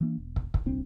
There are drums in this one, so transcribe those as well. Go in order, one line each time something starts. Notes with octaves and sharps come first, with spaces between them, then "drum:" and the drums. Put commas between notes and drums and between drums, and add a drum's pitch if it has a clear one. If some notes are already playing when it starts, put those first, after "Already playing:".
E3 A#3 D4
E1
drum: kick
drum: kick
D#1 C2 C4 D4